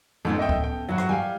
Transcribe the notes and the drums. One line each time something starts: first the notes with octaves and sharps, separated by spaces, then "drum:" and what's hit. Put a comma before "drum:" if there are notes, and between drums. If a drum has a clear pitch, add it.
F2 G#2 B3 C#4 A4
D#5 E5 G5
drum: kick C#2
G5
G2 F#3 E4 F#4
drum: rim click
G3 F5 G5 G#5